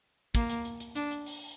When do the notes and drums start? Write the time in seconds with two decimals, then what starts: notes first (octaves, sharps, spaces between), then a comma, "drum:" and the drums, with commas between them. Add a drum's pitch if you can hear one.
0.35 A#3, drum: kick, hi-hat
0.50 drum: hi-hat
0.65 drum: hi-hat
0.80 drum: hi-hat
0.95 D4, drum: hi-hat
1.11 drum: hi-hat
1.26 drum: open hi-hat